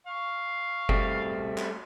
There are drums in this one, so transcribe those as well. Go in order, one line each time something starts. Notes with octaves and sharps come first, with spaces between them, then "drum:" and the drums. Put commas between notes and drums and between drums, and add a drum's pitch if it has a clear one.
F5 C#6
G3 A3 C4, drum: kick F#1
drum: clap